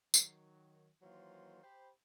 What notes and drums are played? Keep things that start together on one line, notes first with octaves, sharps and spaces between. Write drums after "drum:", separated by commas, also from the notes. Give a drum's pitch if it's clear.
D#3 F#3, drum: tambourine
D#3 E3 F#3 A#3 F4 C5
G4 C5 B5